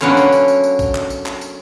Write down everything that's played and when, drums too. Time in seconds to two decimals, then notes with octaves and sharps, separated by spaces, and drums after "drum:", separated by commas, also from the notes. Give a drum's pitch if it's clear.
0.01 D3 F#3 A#3 B3 C#4 C#5, drum: clap
0.17 drum: tambourine
0.32 drum: tambourine
0.48 drum: tambourine
0.64 drum: tambourine
0.79 drum: kick A1, tambourine
0.95 drum: clap
1.10 drum: tambourine
1.26 drum: clap
1.41 drum: tambourine